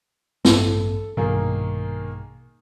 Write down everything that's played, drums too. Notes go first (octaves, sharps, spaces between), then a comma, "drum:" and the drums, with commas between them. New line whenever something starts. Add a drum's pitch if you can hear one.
A1 G2 C4 A4, drum: snare
A#1 G2 B2 D#3 A#3 G#4